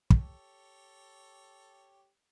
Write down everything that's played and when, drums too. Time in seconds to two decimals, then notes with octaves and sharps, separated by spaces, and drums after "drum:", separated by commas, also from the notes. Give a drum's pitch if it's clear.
0.11 G4 A4 C#5, drum: kick